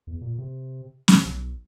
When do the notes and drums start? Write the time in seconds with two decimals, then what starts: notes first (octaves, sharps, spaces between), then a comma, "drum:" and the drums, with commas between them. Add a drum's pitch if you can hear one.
0.07 E2
0.21 A#2
0.38 C3
1.08 C3, drum: snare
1.25 B1